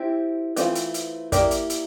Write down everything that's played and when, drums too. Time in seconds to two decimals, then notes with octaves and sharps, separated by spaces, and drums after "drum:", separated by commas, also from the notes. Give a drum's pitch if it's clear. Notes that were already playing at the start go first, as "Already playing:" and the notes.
Already playing: C4 E4 G4
0.56 E3 A3 C4 F4, drum: hi-hat
0.75 drum: hi-hat
0.94 drum: hi-hat
1.32 A#3 E4 G4 A#4 D5, drum: kick, hi-hat
1.51 drum: hi-hat
1.70 drum: hi-hat